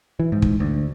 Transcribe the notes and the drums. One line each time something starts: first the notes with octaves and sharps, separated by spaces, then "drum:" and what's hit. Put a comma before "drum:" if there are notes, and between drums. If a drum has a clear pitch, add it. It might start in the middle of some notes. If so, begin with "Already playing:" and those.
E3
G#2
drum: kick
D2